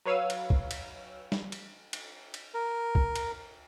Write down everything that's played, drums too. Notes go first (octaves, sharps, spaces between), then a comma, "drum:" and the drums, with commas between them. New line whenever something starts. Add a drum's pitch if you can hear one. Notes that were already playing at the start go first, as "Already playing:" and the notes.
F#3 B4 C#5 F5 E6 D#7
drum: cymbal
drum: kick
drum: cymbal
drum: snare
drum: cymbal
drum: cymbal
drum: cymbal
A#4
drum: kick
drum: cymbal